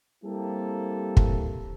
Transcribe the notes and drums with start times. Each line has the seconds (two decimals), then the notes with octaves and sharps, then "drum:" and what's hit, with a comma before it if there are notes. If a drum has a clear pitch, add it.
0.24 G3 A#3 C4 E4 G4 A4
1.17 drum: kick